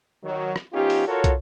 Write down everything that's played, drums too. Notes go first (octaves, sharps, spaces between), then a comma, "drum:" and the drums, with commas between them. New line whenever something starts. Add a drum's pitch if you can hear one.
D#3 F#3
drum: rim click
F3 B3 C#4 D#4 F4 G4
drum: open hi-hat
F4 F#4 A4 A#4 C#5
drum: kick, hi-hat